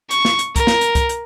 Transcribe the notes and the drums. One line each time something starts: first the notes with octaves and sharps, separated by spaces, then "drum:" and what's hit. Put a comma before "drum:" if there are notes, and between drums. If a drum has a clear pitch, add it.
C#6, drum: hi-hat
drum: snare
drum: hi-hat
A#4, drum: kick, hi-hat
drum: snare
drum: hi-hat
drum: kick, hi-hat
drum: hi-hat